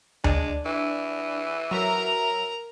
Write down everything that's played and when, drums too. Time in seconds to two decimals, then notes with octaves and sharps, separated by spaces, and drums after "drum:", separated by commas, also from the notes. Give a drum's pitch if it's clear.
0.24 G#3 D4, drum: tom D2
0.65 E3
1.71 F#3 A#4 E5 A#5